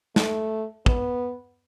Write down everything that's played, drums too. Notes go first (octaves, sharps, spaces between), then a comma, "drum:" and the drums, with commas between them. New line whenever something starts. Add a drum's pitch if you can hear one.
A3, drum: snare
B3, drum: kick